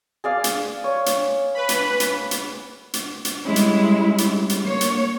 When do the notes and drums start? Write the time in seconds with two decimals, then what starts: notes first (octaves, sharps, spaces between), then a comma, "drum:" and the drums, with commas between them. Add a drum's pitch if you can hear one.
0.24 G#4 D5 F5
0.44 drum: hi-hat
0.84 C#5
1.06 drum: hi-hat
1.55 B4 B5
1.69 drum: hi-hat
2.00 drum: hi-hat
2.31 drum: hi-hat
2.93 drum: hi-hat
3.25 drum: hi-hat
3.45 G3 G#3 C#4 E4
3.56 drum: hi-hat
4.18 drum: hi-hat
4.49 drum: hi-hat
4.65 A#3 C#5
4.81 drum: hi-hat